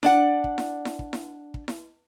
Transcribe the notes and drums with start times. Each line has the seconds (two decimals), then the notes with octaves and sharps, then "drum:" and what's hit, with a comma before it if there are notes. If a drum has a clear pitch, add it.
0.03 D4 D5 F#5, drum: snare E4
0.44 drum: kick
0.58 drum: snare E4
0.85 drum: snare E4
0.99 drum: kick
1.13 drum: snare E4
1.54 drum: kick
1.68 drum: snare E4